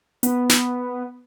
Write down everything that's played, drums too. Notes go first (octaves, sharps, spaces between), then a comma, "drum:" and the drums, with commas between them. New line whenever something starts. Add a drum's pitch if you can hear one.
B3, drum: hi-hat
drum: snare